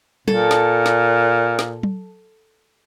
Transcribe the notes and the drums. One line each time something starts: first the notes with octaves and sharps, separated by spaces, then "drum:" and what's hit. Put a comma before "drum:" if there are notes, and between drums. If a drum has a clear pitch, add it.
A#2 A4, drum: tom F#3
drum: snare
drum: snare
drum: snare
drum: tom F#3